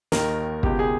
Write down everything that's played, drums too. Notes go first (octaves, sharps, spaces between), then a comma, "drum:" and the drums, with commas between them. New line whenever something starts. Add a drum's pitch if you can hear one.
D#2 D#3 A#4, drum: snare
C#2 B2 G4, drum: kick
G#4